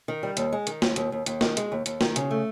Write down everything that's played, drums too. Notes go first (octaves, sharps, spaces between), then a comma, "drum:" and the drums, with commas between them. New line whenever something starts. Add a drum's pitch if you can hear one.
D#3
G3
D#2, drum: hi-hat
G#3
D#3, drum: hi-hat
D#2, drum: snare
D#2, drum: hi-hat
D#2
D#2, drum: hi-hat
D#3, drum: snare
G#3, drum: hi-hat
D#2
D#2, drum: hi-hat
D#3, drum: snare
C#3, drum: hi-hat
A3